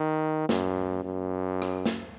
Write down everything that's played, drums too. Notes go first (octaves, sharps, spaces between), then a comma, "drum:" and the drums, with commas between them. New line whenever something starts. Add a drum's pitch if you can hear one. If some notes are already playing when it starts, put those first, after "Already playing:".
Already playing: D#3
F#2, drum: snare
F#2
drum: rim click
drum: snare